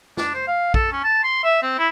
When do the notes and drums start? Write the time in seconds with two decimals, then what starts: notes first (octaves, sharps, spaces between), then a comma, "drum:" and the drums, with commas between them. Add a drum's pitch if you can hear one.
0.17 D4, drum: snare
0.34 C5
0.48 F5
0.74 A4, drum: kick A#1
0.92 C#4
1.04 A5
1.23 C6
1.44 E5
1.62 C4
1.78 E4